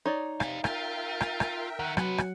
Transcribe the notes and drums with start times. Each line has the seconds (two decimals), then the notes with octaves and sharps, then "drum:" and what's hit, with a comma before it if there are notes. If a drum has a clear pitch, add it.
0.06 D#4 C#5 D5
0.40 C3 G4 F5, drum: rim click
0.64 F4 A#4 E5 G5, drum: rim click
1.21 drum: rim click
1.40 drum: rim click
1.79 D#3 F#5
1.97 C3 F#3 B4, drum: rim click
2.18 drum: rim click